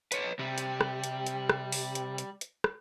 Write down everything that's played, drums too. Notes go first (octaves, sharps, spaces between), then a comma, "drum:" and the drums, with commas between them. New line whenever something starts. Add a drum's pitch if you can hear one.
B4 C#5, drum: hi-hat
C3 G3
drum: hi-hat
drum: rim click
drum: hi-hat
drum: hi-hat
drum: rim click
drum: open hi-hat
drum: hi-hat
drum: hi-hat
drum: hi-hat
drum: rim click